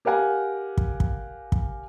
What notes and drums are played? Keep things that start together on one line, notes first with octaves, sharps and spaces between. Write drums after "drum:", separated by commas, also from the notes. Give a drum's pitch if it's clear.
G4 A#4 F5 F#5 G#5
drum: kick
drum: kick
drum: kick